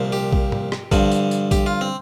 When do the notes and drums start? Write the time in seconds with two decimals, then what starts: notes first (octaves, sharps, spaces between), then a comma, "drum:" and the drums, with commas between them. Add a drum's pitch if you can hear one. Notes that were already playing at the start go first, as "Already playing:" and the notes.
Already playing: C2 A#2 F3
0.12 G4
0.33 drum: kick A#1
0.52 drum: tom G#2
0.72 drum: rim click
0.92 G2 D3 F3, drum: kick A#1, tambourine
1.11 drum: tambourine
1.31 drum: tambourine
1.51 G4, drum: kick A#1, tambourine
1.66 F4
1.81 C4